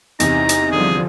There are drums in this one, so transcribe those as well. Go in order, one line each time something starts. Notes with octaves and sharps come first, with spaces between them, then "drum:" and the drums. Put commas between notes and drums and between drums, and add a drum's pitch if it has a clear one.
E2 C3 D#4 A#5, drum: hi-hat
drum: hi-hat
D3 F3 G3 G#4